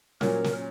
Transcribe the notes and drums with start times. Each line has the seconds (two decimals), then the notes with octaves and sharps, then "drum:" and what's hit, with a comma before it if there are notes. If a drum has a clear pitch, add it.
0.21 A#2 F#3 C#4 A#4, drum: snare
0.44 drum: snare